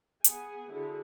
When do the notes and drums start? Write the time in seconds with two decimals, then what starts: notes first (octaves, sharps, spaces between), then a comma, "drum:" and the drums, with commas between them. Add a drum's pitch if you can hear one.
0.24 B3 G#4 F#5 G#5, drum: hi-hat
0.71 D3 E4 F#4 G#4